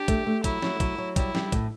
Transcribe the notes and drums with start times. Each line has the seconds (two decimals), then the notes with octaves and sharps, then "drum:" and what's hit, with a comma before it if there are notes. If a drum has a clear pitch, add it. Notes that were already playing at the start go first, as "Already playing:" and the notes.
Already playing: D4 G4
0.08 A3, drum: kick, hi-hat
0.27 A3
0.44 F#3 E4, drum: kick, hi-hat
0.62 F#3, drum: snare
0.80 F#3, drum: kick, hi-hat
0.98 F#3
1.16 G3 E4, drum: kick, hi-hat
1.35 G3, drum: snare
1.52 A2, drum: kick, hi-hat